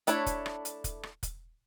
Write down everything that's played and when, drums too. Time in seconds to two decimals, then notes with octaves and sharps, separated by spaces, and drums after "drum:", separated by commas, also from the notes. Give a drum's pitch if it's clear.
0.07 A3 D4 E4 C#5, drum: hi-hat
0.26 drum: kick, hi-hat
0.46 drum: rim click
0.65 drum: hi-hat
0.84 drum: kick, hi-hat
1.03 drum: rim click
1.23 drum: kick, hi-hat